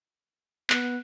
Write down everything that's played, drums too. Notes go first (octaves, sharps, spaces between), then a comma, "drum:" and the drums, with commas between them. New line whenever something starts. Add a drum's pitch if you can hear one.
B3 F#6, drum: clap